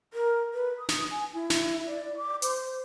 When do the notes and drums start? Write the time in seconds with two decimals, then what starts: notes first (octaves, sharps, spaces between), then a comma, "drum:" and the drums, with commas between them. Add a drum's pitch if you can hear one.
0.13 A#4
0.54 B4
0.79 D#6
0.89 drum: snare
1.10 G#5
1.34 E4
1.50 drum: snare
1.87 D5
2.17 D6
2.42 C5, drum: hi-hat